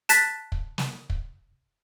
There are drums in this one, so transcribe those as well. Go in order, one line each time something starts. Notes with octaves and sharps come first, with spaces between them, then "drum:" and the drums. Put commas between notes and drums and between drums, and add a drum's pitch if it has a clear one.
A5 F#6 A6 B6, drum: hi-hat
drum: kick
drum: snare
drum: kick